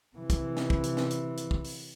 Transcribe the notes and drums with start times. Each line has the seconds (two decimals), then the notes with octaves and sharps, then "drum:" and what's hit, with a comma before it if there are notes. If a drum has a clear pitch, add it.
0.16 C3 E3
0.30 drum: kick, hi-hat
0.57 drum: snare
0.70 drum: kick
0.84 drum: hi-hat
0.97 drum: snare
1.10 drum: hi-hat
1.37 drum: hi-hat
1.51 drum: kick
1.64 drum: open hi-hat